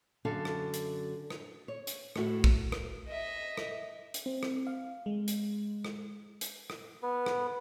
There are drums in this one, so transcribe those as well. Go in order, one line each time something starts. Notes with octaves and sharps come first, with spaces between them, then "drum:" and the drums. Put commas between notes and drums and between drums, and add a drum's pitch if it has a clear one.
F#2 D3 F#4 A4 F5
drum: rim click
drum: hi-hat
drum: rim click
C#5
drum: hi-hat
A2 A3 F#4, drum: rim click
drum: kick
drum: rim click
D#5 E5
drum: rim click
drum: hi-hat
C4
drum: rim click
F5
G#3
drum: hi-hat
drum: rim click
drum: hi-hat
drum: rim click
B3
drum: rim click